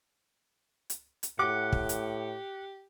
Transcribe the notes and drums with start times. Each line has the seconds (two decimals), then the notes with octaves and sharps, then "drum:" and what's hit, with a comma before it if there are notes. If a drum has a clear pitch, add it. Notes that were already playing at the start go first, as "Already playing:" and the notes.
0.90 drum: hi-hat
1.23 drum: hi-hat
1.39 A2 G4 F#5 D6
1.72 drum: kick
1.89 drum: hi-hat